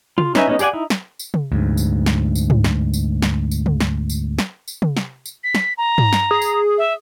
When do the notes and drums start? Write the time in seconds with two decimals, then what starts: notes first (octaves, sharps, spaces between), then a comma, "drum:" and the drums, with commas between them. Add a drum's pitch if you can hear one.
0.18 F4, drum: tom
0.35 C#4 D#4 B4 E5 G#5, drum: snare
0.48 G#3 B3 C#4 D#4 F4
0.59 G4 G#4 D5 F#5 G#5, drum: tambourine
0.73 D#4 E4
0.90 drum: snare
1.19 drum: tambourine
1.34 drum: tom
1.52 D2 G#2
1.77 drum: tambourine
2.06 drum: snare
2.35 drum: tambourine
2.50 drum: tom
2.64 drum: snare
2.93 drum: tambourine
3.22 drum: snare
3.51 drum: tambourine
3.66 drum: tom
3.80 drum: snare
4.10 drum: tambourine
4.39 drum: snare
4.68 drum: tambourine
4.82 drum: tom
4.97 drum: snare
5.26 drum: tambourine
5.44 B6
5.55 drum: snare
5.78 A#5
5.98 drum: tom
6.13 drum: snare
6.31 G#4
6.42 drum: tambourine
6.78 E5